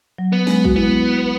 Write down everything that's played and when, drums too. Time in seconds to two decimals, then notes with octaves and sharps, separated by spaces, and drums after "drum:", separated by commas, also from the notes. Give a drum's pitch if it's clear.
0.18 F#3
0.33 B3
0.47 G#3, drum: snare
0.64 F#4, drum: kick
0.76 B3 E4